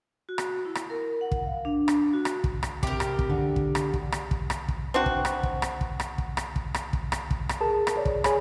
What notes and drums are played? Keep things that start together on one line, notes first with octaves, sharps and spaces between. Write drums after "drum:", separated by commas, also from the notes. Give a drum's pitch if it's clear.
F#4
drum: rim click
E4
drum: rim click
A#4
F#5
drum: kick
F5
D4
drum: rim click
F#4
drum: rim click
drum: kick
drum: rim click
C3 G4 A#4, drum: kick
drum: rim click
drum: kick
D3
drum: kick
drum: rim click
drum: kick
drum: rim click
drum: kick
drum: rim click
drum: kick
C4 D4 F#4
drum: kick
drum: rim click
drum: kick
drum: rim click
drum: kick
drum: rim click
drum: kick
drum: rim click
drum: kick
drum: rim click
drum: kick
drum: rim click
drum: kick
drum: rim click
G#4 A#4 A5
drum: rim click
G#4 C#5 D5
drum: kick
G#4 C#5 G#5 B5, drum: rim click